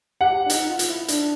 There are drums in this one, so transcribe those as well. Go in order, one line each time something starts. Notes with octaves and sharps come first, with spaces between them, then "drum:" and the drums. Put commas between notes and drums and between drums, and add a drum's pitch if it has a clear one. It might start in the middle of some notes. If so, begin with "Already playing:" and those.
G4 F#5
D4
D#4, drum: hi-hat
F4
drum: hi-hat
E4
D4, drum: hi-hat